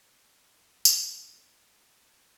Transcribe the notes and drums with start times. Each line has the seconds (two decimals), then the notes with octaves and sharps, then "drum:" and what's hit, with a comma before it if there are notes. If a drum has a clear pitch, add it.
0.32 C4
0.60 F3
0.85 A3, drum: tambourine
1.32 C4
1.96 C5